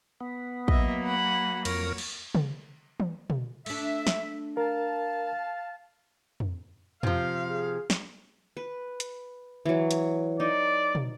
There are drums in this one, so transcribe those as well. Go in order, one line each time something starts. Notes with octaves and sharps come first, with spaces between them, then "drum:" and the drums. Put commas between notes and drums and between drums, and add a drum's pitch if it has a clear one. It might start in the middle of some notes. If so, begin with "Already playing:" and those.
B3
F#3 A#3 D#5 E5, drum: kick
F#5 B5
F2 A#4 C#5, drum: cymbal
drum: cymbal
drum: tom
drum: tom
drum: tom
A3 D4 E5, drum: cymbal
drum: snare
A#4 F5 A5
drum: tom
C3 F3 F5, drum: tom
G#4
drum: snare
B4
drum: hi-hat
E3 F#3
drum: hi-hat
D#4 D5
drum: tom